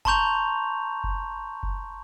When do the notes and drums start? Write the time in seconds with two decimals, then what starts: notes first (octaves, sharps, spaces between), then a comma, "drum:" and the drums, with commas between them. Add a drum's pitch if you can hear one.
0.05 A5 A#5 C6 C#6 G6 F7, drum: kick F#1
1.04 drum: kick F#1
1.63 drum: kick F#1